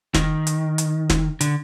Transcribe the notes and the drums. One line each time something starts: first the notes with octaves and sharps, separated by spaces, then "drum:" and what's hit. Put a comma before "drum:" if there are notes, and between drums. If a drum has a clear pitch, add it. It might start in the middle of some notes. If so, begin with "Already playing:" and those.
D#3, drum: snare
drum: hi-hat
drum: hi-hat
drum: snare
D3, drum: hi-hat